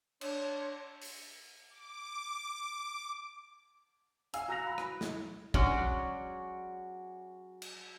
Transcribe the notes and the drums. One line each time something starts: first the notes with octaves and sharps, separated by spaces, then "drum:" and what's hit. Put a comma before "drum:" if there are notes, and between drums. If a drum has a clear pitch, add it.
D4 C#5 C6, drum: cymbal
drum: open hi-hat
D6
F5 G#5 E6, drum: hi-hat
F#4 A#5 E6 F#6 A#6 F7
B5
drum: rim click
drum: snare
F#3 G#3 C#4 F#4 C#5 D5, drum: kick
drum: cymbal